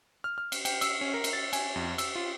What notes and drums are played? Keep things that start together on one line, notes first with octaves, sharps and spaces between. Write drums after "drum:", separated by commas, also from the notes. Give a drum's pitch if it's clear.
F6
F6
drum: cymbal
G5, drum: cymbal
E6, drum: cymbal
C#4
A#4
drum: cymbal
A6
G#5, drum: cymbal
F2
E6, drum: cymbal
F4